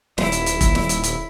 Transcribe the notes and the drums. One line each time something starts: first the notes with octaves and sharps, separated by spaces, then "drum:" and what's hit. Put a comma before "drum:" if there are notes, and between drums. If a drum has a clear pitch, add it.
D#1 E4, drum: snare
drum: hi-hat
drum: hi-hat
drum: kick F1, hi-hat
drum: snare
drum: hi-hat
drum: hi-hat